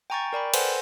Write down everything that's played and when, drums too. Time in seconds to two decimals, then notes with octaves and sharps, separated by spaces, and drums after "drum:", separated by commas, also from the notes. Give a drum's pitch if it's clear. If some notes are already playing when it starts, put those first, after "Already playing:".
0.10 G5 G#5 A#5 C#6 G6 A6
0.33 A#4 D5 G5 B5
0.54 A4 B4 C5 F#5 G#5 C6, drum: cymbal